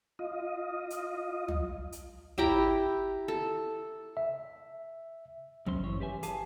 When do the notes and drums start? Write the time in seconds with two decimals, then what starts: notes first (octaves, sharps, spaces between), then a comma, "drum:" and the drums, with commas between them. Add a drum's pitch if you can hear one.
0.19 F4 D#5
0.90 drum: hi-hat
1.48 drum: tom
1.92 drum: hi-hat
2.38 E4 G4 G5 A#5, drum: kick
3.28 A4
4.17 E5
5.66 B1 F#3 C#4 C5 C6, drum: kick
5.83 G2 E3 C#5
6.00 G4 B4 E5 G#5
6.23 G4 G#4 F5 G#5 A5, drum: hi-hat